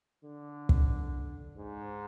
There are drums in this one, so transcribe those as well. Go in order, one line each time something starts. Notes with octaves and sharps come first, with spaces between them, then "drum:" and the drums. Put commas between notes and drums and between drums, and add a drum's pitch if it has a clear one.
D3
drum: kick
G#2